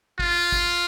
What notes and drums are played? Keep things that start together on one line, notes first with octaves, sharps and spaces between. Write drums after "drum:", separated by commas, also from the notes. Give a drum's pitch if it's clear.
F4, drum: kick
drum: kick